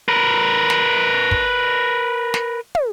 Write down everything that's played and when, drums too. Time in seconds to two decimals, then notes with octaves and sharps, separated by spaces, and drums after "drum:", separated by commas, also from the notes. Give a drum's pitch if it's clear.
0.08 A#4 B4
0.70 drum: snare
1.31 drum: kick
2.34 drum: snare
2.75 drum: tom